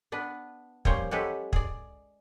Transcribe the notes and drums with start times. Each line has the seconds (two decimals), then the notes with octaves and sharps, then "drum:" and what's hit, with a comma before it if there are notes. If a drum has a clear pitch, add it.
0.12 B3 D4 B4
0.85 F3 G3 A#3 C#4 C5 C#5, drum: kick
1.11 F#3 G#3 C#4 G4 A4 B4
1.53 G#4 D5, drum: kick